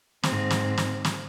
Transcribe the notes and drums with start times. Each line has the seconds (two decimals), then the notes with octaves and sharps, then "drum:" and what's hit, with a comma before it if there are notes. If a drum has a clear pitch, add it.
0.23 G#2 C4, drum: snare
0.50 drum: snare
0.77 drum: snare
1.05 drum: snare